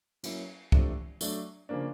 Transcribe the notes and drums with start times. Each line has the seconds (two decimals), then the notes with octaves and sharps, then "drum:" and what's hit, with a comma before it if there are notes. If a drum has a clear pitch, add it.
0.23 F#3 A#3 C#4 E4, drum: cymbal
0.72 C3 F3 A3 D4, drum: kick
1.21 F#3 A3 D4, drum: tambourine
1.69 C#3 F3 A#3 D4